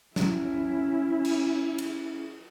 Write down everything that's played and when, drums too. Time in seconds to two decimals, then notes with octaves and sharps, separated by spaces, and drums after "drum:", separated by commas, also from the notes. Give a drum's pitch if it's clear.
0.16 C#4 E4, drum: snare
1.25 drum: cymbal
1.78 drum: cymbal